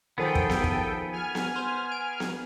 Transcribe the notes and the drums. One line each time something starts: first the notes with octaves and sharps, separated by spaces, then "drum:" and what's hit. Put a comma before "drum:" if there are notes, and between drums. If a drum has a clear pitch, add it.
D#3 F3 B3 G#4 A4 G5
drum: kick
drum: snare B3
drum: kick
G#5 F6
drum: snare B3
C5
D7
drum: snare B3